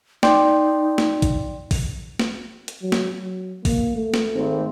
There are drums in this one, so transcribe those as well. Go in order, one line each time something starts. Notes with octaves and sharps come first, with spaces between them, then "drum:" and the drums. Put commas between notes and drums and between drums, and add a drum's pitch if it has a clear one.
D#4 D5 G5 C6, drum: snare
drum: snare
drum: kick A1, hi-hat
drum: kick A1, open hi-hat
drum: snare
drum: hi-hat
F#3
drum: snare
F#3
A#3, drum: kick A1, open hi-hat
A3
drum: snare
G#1 C4